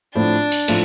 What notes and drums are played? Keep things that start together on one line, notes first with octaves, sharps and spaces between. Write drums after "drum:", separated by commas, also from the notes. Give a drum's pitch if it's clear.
A2 F3 A3 C4 D4 F4
drum: open hi-hat
A2 F3 A3 C4 F4, drum: cymbal